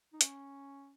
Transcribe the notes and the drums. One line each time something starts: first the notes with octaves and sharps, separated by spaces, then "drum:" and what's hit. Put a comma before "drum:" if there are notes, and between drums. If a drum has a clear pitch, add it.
D#4
C#4, drum: hi-hat